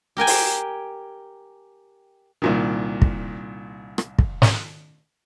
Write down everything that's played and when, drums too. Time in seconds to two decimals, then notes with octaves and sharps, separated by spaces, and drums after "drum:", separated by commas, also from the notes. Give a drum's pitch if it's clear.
0.17 G4 A#4 G5 G#5
0.27 drum: open hi-hat
2.42 C2 A#2 D#3
3.02 drum: kick
3.98 drum: rim click
4.19 drum: kick
4.42 drum: snare